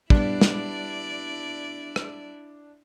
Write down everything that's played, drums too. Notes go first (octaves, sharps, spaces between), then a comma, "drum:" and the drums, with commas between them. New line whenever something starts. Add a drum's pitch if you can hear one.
G3 B3 D4 E4 D5, drum: kick
drum: snare
drum: rim click